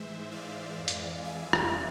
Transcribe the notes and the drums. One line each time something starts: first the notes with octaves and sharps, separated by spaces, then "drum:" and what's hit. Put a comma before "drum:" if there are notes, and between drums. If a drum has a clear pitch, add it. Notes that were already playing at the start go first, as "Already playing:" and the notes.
Already playing: G#2 E3 G#3 C5 E5
D5 F5
F2 E3 G#3
drum: hi-hat
E5 G#5
drum: rim click